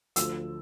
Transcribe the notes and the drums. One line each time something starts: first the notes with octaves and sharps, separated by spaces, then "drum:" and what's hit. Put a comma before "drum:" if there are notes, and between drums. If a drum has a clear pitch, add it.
D2 D3 F3 E6, drum: hi-hat